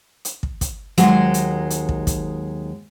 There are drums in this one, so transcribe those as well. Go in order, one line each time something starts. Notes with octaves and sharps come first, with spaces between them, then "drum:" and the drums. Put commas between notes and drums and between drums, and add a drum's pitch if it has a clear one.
drum: hi-hat
drum: kick
drum: kick, hi-hat
D#2 F#3 G#3 D#4 C5, drum: hi-hat
drum: hi-hat
drum: hi-hat
drum: kick
drum: kick, hi-hat